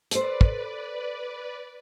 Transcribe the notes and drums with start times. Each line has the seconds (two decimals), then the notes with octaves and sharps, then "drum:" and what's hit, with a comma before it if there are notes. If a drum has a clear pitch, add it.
0.11 A4 B4 C5 D5, drum: hi-hat
0.41 drum: kick